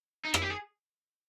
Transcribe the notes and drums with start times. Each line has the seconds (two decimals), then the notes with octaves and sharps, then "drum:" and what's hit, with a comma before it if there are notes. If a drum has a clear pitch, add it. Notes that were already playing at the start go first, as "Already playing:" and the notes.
0.25 D#4
0.34 E4, drum: rim click
0.42 G4
0.50 G#4